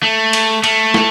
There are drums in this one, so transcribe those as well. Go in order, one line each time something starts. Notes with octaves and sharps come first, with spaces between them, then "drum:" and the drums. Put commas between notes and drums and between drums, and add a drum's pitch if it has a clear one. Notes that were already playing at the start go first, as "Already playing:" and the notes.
A3
drum: cymbal
A3, drum: cymbal
drum: snare